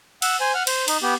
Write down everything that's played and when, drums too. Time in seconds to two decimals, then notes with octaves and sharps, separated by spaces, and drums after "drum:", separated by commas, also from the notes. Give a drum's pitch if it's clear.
0.22 F#5 E6, drum: cymbal
0.40 C5 G#5
0.54 F#5 F6
0.67 C5, drum: cymbal
0.88 D#4, drum: cymbal
1.02 B3 G4